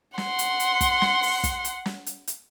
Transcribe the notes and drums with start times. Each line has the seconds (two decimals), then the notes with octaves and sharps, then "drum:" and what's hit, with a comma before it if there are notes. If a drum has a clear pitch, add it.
0.18 F#5 C6, drum: snare
0.39 drum: hi-hat
0.60 drum: hi-hat
0.81 drum: kick, hi-hat
1.02 drum: snare
1.23 drum: open hi-hat
1.44 drum: kick, hi-hat
1.65 drum: hi-hat
1.86 drum: snare
2.06 drum: hi-hat
2.27 drum: hi-hat